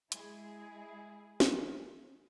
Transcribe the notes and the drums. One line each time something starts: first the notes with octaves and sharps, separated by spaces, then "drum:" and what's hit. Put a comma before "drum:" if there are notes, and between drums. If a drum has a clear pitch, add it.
G#3 E4 G#4, drum: hi-hat
drum: snare